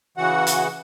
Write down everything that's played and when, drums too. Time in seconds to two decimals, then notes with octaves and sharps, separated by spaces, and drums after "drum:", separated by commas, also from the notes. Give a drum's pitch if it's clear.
0.17 C#3 E3 F#4 F#5
0.47 drum: hi-hat